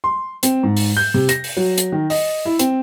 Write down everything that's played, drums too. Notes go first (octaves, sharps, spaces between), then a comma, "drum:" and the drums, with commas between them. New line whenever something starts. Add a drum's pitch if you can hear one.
C6
C4, drum: hi-hat
G#2
drum: open hi-hat
G6
C3
A#6, drum: hi-hat
drum: open hi-hat
F#3
drum: hi-hat
D#3
D#5, drum: open hi-hat
E4
C4, drum: hi-hat